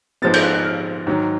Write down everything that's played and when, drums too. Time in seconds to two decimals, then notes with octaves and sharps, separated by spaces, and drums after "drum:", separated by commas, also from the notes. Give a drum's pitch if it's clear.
0.22 G#2 F3 G#3 B3 A6
0.34 G6, drum: cymbal
0.43 F#6
0.54 F#6
0.65 F6
1.07 G#2 D#3 F#3